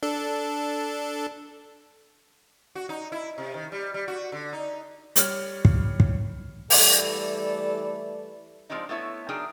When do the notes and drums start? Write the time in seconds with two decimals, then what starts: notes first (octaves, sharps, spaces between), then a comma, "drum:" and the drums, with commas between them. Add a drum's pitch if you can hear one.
0.03 D4 A4
2.75 F#4
2.89 D#4
3.12 E4
3.38 C3
3.54 D#3
3.72 G3
3.94 G3
4.08 F#4
4.32 D3
4.53 D#4
5.16 G3 C#5 F6, drum: hi-hat
5.65 drum: kick
6.00 drum: kick
6.70 E3 G3 A3 A4 D5, drum: open hi-hat
8.70 F3 G#3 C4 D4 D#4
8.89 A3 B3 E4 C#5
9.29 F#3 D4 D#4 G#4 A#4 G5